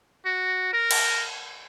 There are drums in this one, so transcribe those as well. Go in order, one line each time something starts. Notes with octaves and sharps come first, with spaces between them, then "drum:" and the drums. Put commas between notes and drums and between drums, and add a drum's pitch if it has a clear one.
F#4
A#4
drum: cymbal